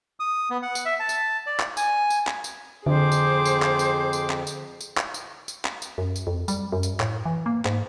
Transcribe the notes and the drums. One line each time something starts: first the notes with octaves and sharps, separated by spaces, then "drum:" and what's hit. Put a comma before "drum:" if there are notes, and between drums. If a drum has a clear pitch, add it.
D#6
B3
F#5
drum: tambourine
E5
A5
drum: tambourine
D5
drum: clap
G#5, drum: tambourine
drum: tambourine
drum: clap
drum: tambourine
F2 D3 G#4 C5 D6
drum: tambourine
drum: tambourine
drum: clap
drum: tambourine
drum: tambourine
drum: clap
drum: tambourine
drum: tambourine
drum: clap
drum: tambourine
drum: tambourine
drum: clap
drum: tambourine
F#2
drum: tambourine
F2
G3, drum: tambourine
F#2
drum: tambourine
A2, drum: clap
E3
A#3
G#2, drum: clap